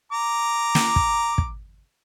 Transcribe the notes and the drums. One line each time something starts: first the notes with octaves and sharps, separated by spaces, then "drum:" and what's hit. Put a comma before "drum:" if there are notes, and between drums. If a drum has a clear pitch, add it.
A#5 D6
drum: snare
drum: kick
drum: kick